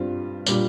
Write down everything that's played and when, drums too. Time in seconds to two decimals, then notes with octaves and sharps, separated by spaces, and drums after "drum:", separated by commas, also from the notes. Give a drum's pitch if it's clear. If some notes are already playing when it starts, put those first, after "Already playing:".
Already playing: G2 G3 C4 F4
0.46 A#2 G3 D4, drum: tambourine